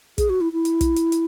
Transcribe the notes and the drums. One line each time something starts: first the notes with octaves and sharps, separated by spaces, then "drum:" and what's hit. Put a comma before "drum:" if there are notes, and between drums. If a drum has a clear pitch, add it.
G#4, drum: kick, hi-hat
F#4
E4
E4
drum: hi-hat
drum: kick, hi-hat
drum: hi-hat
drum: hi-hat